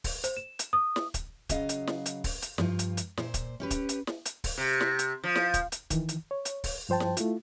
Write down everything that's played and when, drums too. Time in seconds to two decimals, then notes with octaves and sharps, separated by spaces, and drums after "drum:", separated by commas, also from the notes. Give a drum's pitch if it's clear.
0.04 drum: kick, open hi-hat
0.24 C5, drum: hi-hat
0.37 E7
0.59 drum: hi-hat
0.73 D#6
0.96 drum: snare
1.14 drum: kick, hi-hat
1.49 C#3 F#3 D#5 F5, drum: kick, hi-hat
1.69 drum: hi-hat
1.87 drum: snare
2.06 drum: hi-hat
2.24 drum: kick, open hi-hat
2.42 drum: hi-hat
2.58 G2 F3 F4, drum: snare
2.79 drum: hi-hat
2.97 drum: hi-hat
3.17 A#2 C5, drum: snare
3.34 drum: kick, hi-hat
3.60 C#4 G4 B4
3.71 drum: kick, hi-hat
3.89 drum: hi-hat
4.07 drum: snare
4.26 drum: hi-hat
4.44 drum: kick, open hi-hat
4.58 C3
4.81 drum: snare
4.99 drum: hi-hat
5.24 F3
5.35 drum: snare
5.54 drum: kick, hi-hat
5.72 drum: hi-hat
5.90 D#3 E3, drum: kick, hi-hat
6.09 drum: hi-hat
6.31 C#5
6.45 drum: hi-hat
6.64 drum: kick, open hi-hat
6.89 G2 F3 C5 G5 A5
7.00 drum: snare
7.17 A3 E4 F4, drum: hi-hat